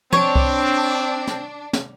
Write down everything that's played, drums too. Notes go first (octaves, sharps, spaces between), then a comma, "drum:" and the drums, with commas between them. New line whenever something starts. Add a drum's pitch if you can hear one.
C4 D4 C#5, drum: tom
drum: kick C2
drum: snare
drum: snare